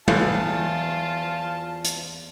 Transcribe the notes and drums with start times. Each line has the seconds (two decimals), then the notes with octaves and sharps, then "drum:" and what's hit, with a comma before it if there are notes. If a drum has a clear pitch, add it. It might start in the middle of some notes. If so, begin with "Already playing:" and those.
0.08 E2 F4 F5 A5, drum: tom
1.84 drum: hi-hat